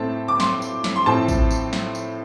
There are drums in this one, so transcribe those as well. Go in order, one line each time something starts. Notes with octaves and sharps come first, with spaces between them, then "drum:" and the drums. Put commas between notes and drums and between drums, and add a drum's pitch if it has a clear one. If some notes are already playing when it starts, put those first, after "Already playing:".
Already playing: A2 A3 C4 A5
D6
C6, drum: snare
drum: tambourine
drum: snare
C6
A2 F3 C4 A5
drum: kick, tambourine
drum: tambourine
drum: snare
drum: tambourine